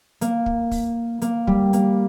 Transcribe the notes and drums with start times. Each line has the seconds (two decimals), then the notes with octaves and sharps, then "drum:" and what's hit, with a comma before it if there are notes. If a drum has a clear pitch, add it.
0.21 A#3, drum: hi-hat
0.46 drum: kick
0.71 drum: kick, open hi-hat
1.22 A#3, drum: hi-hat
1.47 G3, drum: kick
1.73 A#3, drum: hi-hat